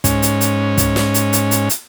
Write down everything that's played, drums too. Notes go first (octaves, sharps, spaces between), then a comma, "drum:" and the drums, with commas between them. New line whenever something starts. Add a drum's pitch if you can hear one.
G#2 C#4, drum: kick, hi-hat
drum: hi-hat
drum: hi-hat
drum: kick, hi-hat
drum: snare
drum: hi-hat
drum: hi-hat
drum: hi-hat
drum: hi-hat